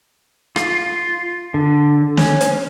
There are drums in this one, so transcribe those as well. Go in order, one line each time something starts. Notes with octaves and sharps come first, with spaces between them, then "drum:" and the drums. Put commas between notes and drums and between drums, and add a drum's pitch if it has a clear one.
F4, drum: rim click
D3
C#4, drum: snare
drum: hi-hat